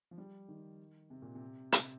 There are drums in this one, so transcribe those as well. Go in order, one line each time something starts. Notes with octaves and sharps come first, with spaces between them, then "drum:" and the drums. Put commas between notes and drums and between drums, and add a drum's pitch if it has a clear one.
F3
G3
D#3
C3
A#2
C3
C3, drum: hi-hat